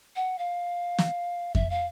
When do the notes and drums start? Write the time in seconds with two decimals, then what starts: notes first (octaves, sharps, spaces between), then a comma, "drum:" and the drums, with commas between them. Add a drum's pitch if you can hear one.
0.16 F#5
0.39 F5
0.98 drum: snare
1.55 E5, drum: kick F2
1.70 F5